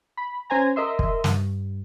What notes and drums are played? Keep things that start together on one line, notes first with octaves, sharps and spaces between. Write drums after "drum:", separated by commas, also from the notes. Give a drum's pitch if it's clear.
B5
C#4 C5 G#5 A#5
A#4 D#5 E5 C6
drum: kick
G2, drum: snare